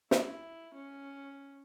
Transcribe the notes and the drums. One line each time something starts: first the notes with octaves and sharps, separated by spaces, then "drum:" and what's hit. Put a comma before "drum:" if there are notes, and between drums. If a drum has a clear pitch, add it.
E4, drum: snare
C#4